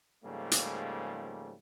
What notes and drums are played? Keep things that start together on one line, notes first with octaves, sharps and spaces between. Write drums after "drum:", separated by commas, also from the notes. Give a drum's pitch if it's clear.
G#2 C#3 F3 G3 A3 A#3
drum: hi-hat